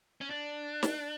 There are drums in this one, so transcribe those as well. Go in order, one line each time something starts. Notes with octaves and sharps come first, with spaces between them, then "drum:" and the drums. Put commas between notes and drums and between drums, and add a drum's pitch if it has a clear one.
C#4
D4
drum: snare